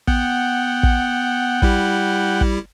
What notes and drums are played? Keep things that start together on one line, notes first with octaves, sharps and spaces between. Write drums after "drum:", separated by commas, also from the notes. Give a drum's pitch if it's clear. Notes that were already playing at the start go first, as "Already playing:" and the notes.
B3 F#5 G5, drum: kick
drum: kick
G3 E4 G4, drum: kick
drum: kick